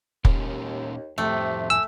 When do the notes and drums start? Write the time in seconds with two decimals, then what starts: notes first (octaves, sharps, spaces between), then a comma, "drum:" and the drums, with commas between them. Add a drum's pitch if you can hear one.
0.25 D#2 A#2 A#3 C#4, drum: kick
1.18 F2 A2 C3 A3
1.70 G#5 E6